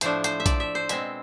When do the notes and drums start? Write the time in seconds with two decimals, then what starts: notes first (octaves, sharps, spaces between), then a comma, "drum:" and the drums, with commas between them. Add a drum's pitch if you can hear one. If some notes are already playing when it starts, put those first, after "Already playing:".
0.01 A2 F3 A3 D4 C5, drum: hi-hat
0.24 C5, drum: hi-hat
0.40 E5
0.46 D5, drum: kick A#1, hi-hat
0.60 E5
0.75 C5
0.89 B2 G#3 C4 E5, drum: hi-hat